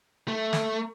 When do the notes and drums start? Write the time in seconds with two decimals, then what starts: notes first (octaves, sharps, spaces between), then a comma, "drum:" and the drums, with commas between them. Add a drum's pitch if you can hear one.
0.28 A3
0.53 drum: snare